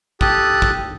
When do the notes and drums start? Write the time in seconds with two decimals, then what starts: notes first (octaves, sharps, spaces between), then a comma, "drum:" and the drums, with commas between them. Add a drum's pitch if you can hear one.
0.21 G4 A4 D#6 F#6, drum: kick
0.62 drum: kick